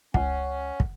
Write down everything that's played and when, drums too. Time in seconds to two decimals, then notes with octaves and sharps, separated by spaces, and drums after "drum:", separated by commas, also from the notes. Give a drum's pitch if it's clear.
0.14 C#2 C#4 F#5, drum: kick
0.80 drum: kick